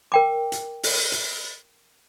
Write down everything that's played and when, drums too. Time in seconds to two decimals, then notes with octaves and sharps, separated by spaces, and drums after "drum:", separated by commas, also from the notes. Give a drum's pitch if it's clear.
0.12 A#4 G5 D6
0.52 drum: hi-hat
0.83 drum: open hi-hat
1.12 drum: hi-hat